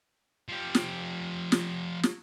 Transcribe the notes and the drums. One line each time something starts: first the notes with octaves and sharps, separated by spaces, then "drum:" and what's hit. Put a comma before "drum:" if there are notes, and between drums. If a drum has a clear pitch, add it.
F3 G4
drum: snare
drum: snare
drum: snare